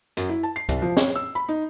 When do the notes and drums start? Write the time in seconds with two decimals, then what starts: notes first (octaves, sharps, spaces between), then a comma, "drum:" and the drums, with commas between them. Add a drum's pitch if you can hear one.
0.17 F#2, drum: hi-hat
0.29 E4
0.43 A5
0.56 C7
0.69 C2, drum: kick C#2, hi-hat
0.82 F3
0.97 C#5, drum: snare
1.16 E6
1.35 B5
1.48 D#4